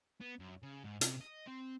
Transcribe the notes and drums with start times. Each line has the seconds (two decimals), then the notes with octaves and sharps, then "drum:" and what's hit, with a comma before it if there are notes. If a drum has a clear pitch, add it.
0.21 B3
0.39 F#2
0.63 C#3
0.84 G#2
1.01 C3, drum: hi-hat
1.21 D#5
1.47 C4